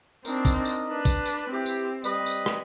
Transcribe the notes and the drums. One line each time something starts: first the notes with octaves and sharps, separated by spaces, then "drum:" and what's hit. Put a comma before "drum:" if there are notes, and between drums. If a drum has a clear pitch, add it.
C4 D4 D#4 A#4 D#5, drum: tambourine
drum: kick, tambourine
drum: tambourine
D4 B4
drum: kick, tambourine
drum: tambourine
C4 E4 G4
drum: tambourine
G3 B4 D#5, drum: tambourine
drum: tambourine
drum: rim click